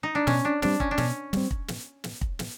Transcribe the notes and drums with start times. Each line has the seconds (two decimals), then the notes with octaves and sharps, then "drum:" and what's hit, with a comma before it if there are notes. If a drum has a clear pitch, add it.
0.03 D#4
0.15 D4
0.27 B2 C#4, drum: snare
0.45 D4
0.62 G3 C4 D4, drum: snare
0.80 C#4, drum: kick
0.91 D4
0.98 B2 C#4, drum: snare
1.33 G3 C4, drum: snare
1.51 drum: kick
1.68 drum: snare
2.04 drum: snare
2.21 drum: kick
2.39 drum: snare